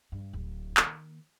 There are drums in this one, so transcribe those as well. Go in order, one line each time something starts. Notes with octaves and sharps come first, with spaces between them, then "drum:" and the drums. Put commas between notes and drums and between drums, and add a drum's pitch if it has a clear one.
G2
D1
D#3 A#3, drum: clap